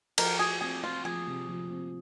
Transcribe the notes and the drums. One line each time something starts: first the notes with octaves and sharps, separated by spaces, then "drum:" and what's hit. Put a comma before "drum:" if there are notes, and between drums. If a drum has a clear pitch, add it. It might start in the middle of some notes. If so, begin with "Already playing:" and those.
F3 A#4, drum: cymbal
F#4 G#4
C4 G#4
C4 F4
F3 G#4
C3
F3
C4